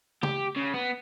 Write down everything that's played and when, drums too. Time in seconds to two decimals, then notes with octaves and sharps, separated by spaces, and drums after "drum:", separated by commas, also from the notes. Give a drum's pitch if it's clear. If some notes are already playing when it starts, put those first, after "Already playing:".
0.23 G4, drum: tom C#3
0.56 C#3
0.74 B3